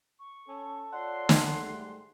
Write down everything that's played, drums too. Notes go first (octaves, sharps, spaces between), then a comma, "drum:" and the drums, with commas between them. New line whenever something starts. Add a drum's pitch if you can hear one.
C#6
C#4 A4
F4 C#5 D5 F#5 C6
drum: snare
G#2 G3 A3